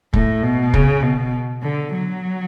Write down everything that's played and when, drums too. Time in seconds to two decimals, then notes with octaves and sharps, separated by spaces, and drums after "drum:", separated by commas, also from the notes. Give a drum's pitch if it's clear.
0.13 A2, drum: kick
0.43 B2
0.74 C#3, drum: kick
1.03 B2
1.63 D3
1.93 F#3